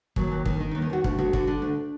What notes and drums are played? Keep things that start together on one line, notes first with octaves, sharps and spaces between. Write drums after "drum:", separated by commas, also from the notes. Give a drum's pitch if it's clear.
D#2 F#3, drum: kick
D#2
D#3, drum: kick
D#3 D#4
D#4
D#2
D#4
D#2 F#4
D2 F#4, drum: kick
D2 F#4
D3 F#4, drum: kick
D3 D4
D2